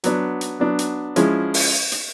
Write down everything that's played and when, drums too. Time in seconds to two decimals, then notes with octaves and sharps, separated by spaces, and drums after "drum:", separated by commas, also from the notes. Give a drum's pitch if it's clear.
0.04 F#3 B3 D4, drum: hi-hat
0.41 drum: hi-hat
0.59 F#3 B3 D4
0.79 drum: hi-hat
1.16 F3 G#3 C#4 E4, drum: hi-hat
1.54 drum: open hi-hat
1.92 drum: hi-hat